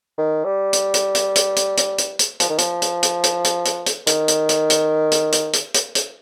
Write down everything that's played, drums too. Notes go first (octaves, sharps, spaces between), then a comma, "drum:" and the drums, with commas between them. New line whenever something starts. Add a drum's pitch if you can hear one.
D#3
G3
drum: hi-hat
drum: hi-hat
drum: hi-hat
drum: hi-hat
drum: hi-hat
drum: hi-hat
drum: hi-hat
drum: hi-hat
F3, drum: hi-hat
D#3
F3, drum: hi-hat
drum: hi-hat
drum: hi-hat
drum: hi-hat
drum: hi-hat
drum: hi-hat
drum: hi-hat
D#3, drum: hi-hat
drum: hi-hat
drum: hi-hat
drum: hi-hat
drum: hi-hat
drum: hi-hat
drum: hi-hat
drum: hi-hat
drum: hi-hat